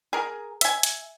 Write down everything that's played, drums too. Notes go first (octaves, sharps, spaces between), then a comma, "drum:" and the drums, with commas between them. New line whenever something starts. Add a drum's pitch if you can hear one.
G#4 A#4
E5 G#5, drum: hi-hat
drum: hi-hat